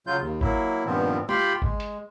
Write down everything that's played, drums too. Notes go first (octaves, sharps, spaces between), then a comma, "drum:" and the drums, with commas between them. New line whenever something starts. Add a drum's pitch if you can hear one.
C#3 F#3 F4 G6
D#2
F#3 A#3 E4, drum: kick G1
G2 A#2 D#3 F3 B3 C4
F4 G4 G5 B5 C6, drum: tom
G#3, drum: kick G1
drum: hi-hat